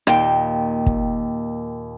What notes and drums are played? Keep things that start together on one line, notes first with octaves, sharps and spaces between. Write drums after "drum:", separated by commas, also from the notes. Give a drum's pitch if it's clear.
D#2 A#2 G5, drum: rim click
drum: kick